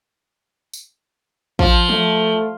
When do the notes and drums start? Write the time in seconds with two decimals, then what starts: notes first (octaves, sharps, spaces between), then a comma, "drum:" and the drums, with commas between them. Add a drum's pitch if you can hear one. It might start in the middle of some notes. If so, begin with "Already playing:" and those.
0.73 drum: tambourine
1.59 F3, drum: kick
1.89 A3, drum: tom F3